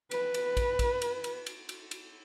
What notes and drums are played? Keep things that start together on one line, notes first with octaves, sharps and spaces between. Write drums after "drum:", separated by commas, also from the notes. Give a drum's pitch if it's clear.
B4, drum: cymbal
drum: cymbal
drum: kick, cymbal
drum: kick, cymbal
drum: cymbal
drum: cymbal
drum: cymbal
drum: cymbal
drum: cymbal